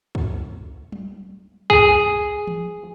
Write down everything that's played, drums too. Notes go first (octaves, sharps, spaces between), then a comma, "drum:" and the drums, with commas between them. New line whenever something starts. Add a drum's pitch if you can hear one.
drum: kick
drum: tom F#3
G#4, drum: kick
drum: tom E3